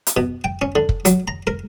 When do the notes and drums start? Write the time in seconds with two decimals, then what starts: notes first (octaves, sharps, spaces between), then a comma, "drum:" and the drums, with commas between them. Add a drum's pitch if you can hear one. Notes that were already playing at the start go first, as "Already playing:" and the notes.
0.07 drum: hi-hat
0.17 B2
0.44 G5
0.62 C#4
0.75 D3
0.89 drum: kick
1.05 F#3, drum: hi-hat
1.28 A#5
1.47 A#4